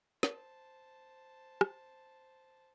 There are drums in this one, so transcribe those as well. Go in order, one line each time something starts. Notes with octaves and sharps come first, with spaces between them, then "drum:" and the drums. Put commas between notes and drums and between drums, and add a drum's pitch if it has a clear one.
C5 A5, drum: snare
drum: rim click